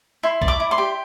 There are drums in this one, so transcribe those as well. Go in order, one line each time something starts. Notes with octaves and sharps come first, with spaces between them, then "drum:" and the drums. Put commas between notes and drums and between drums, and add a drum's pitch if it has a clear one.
E4 C6
D5, drum: kick
D6
E4
C6
G4